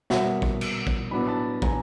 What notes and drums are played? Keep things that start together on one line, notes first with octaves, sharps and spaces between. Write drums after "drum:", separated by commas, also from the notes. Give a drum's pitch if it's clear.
B2 G3 A#3 C#4 E5 F#5, drum: snare
drum: kick
drum: cymbal
drum: kick
A2 F#3 B3 D4 B5
A5 B5
G#5 A#5, drum: kick